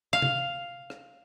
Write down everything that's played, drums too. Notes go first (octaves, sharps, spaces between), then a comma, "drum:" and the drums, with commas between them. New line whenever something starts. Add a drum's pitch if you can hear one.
F5
drum: tom
drum: rim click